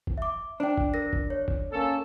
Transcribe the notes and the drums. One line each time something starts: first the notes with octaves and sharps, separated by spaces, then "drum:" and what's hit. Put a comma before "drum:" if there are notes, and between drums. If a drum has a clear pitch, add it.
drum: kick
E5 D6
D4 C5 G5
drum: kick
A#4 A#6
drum: kick
C#5
drum: kick
A#3 C#4 A4